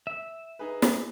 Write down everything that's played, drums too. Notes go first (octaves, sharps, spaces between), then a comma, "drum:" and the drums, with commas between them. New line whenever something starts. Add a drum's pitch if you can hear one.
E5
D#4 G#4 B4
drum: snare